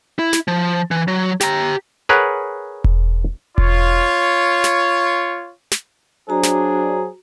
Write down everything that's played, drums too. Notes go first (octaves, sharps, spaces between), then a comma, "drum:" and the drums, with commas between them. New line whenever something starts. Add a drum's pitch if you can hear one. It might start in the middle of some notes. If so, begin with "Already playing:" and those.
E4
drum: snare
F3
E3
F#3
G4 A#5, drum: snare
G#4 A#4 B4 C#5 F#5
drum: kick E1
F4 C#5, drum: kick E1
drum: snare
drum: snare
F#3 D4 F#4 G#4 C5 A#5
drum: snare